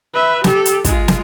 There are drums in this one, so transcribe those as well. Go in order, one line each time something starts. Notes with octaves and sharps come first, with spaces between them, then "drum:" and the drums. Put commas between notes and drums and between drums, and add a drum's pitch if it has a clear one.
B4 E5
G4 A4, drum: snare
drum: hi-hat
G#3 F4, drum: kick, hi-hat
drum: snare